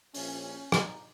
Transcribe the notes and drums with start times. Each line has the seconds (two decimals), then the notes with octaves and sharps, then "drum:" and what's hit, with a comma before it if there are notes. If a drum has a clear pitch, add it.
0.14 A#1 A#2 C#4, drum: open hi-hat
0.72 D#4, drum: rim click